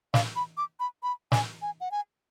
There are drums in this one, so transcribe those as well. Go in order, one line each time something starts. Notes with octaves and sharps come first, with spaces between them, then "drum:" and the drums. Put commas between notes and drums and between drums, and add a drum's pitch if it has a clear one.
F5, drum: snare
B5
D6
B5
B5
G#5, drum: snare
G#5
F#5
G#5